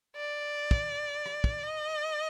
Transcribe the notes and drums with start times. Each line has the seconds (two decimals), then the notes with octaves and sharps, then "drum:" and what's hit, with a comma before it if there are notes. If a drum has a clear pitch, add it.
0.16 D5
0.71 drum: kick
1.26 drum: rim click
1.44 drum: kick
1.63 D#5